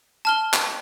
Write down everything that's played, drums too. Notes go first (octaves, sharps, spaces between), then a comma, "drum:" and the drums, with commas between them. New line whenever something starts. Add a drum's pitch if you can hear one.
A5 F6 G7
drum: clap